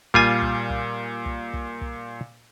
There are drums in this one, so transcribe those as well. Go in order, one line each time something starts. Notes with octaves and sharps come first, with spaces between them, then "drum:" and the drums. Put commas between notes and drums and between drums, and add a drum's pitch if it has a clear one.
A#2 G3 F4 G#5, drum: kick
drum: kick
drum: kick
drum: kick
drum: kick
drum: kick